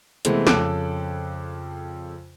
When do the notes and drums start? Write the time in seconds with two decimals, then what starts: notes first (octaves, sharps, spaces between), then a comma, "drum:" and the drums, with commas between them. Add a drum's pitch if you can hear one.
0.25 C3 E3 G#3 A3 B3 C4, drum: hi-hat
0.47 F2 C#3 A4 D6 F#6 D7, drum: snare